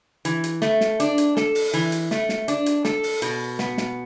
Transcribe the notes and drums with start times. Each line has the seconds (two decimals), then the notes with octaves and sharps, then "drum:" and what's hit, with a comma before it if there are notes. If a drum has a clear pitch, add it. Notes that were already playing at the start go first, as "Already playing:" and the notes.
0.25 E3, drum: hi-hat
0.44 drum: hi-hat
0.62 A3, drum: snare
0.81 drum: snare
1.00 D4, drum: hi-hat
1.18 drum: hi-hat
1.37 A4, drum: snare
1.55 drum: open hi-hat
1.74 E3, drum: hi-hat
1.92 drum: hi-hat
2.11 A3, drum: snare
2.29 drum: snare
2.48 D4, drum: hi-hat
2.66 drum: hi-hat
2.85 A4, drum: snare
3.03 drum: open hi-hat
3.22 B2, drum: hi-hat
3.59 B3, drum: snare
3.78 drum: snare